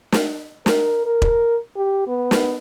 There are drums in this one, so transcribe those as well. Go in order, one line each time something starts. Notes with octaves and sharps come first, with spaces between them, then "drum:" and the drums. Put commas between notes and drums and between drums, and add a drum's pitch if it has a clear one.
drum: snare
A#4, drum: snare
A#4
drum: kick E1
G4
B3
drum: snare